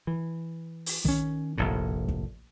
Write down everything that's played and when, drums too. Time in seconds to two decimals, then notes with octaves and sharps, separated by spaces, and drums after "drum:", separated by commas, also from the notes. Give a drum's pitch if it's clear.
0.07 E3
0.86 drum: open hi-hat
1.05 D#3 C#4, drum: kick
1.58 F1 A#1 A2
2.08 drum: kick